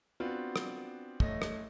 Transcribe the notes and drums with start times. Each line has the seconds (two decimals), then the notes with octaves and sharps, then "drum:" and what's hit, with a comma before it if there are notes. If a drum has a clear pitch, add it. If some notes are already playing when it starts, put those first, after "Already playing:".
0.20 B3 C4 D4 F4 F#4
0.56 drum: rim click
1.20 A1 A3 D#5 A#6, drum: kick
1.42 drum: rim click